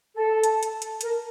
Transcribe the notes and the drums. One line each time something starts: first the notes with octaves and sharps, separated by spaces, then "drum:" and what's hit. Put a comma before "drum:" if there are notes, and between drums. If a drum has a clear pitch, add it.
A4
drum: hi-hat
drum: hi-hat
drum: hi-hat
A#4, drum: hi-hat